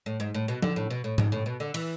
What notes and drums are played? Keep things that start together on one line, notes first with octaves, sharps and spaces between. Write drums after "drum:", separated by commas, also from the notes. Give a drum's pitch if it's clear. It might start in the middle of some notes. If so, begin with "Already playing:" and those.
A2
G#2
A2
B2
D3, drum: tom F3
A2
B2
A2
G#2, drum: tom G#2
A2
B2
D3
E3, drum: cymbal